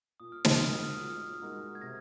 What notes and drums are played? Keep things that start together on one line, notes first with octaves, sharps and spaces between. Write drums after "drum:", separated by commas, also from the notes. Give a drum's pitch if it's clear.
A#2 D#6
F6
D#6, drum: snare
G#3 D#4 F#4 A#4 F6
D#6
F6
D#6
A#2
F6
D#6
G#3 D#4 F#4 A#4
G#6
C3 A#6